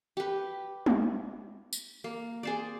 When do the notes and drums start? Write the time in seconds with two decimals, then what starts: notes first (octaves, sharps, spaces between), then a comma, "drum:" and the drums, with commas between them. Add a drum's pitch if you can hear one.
0.17 G4 B4
0.86 drum: tom
1.73 drum: tambourine
2.04 A#3
2.43 G#4 C5 D5